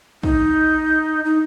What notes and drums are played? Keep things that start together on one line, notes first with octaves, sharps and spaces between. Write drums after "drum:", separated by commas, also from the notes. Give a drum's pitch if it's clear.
D#4, drum: kick
D#4